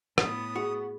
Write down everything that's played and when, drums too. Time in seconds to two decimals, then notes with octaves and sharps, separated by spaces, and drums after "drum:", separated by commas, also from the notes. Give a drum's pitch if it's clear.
0.18 A2 B3 D#6 A6, drum: rim click
0.56 F#4 G#4 C#7